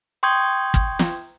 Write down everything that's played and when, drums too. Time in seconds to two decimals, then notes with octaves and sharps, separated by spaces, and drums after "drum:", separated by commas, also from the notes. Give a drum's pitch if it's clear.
0.23 G5 C6 C#6 D#6 G6 G#6
0.74 drum: kick
0.99 drum: snare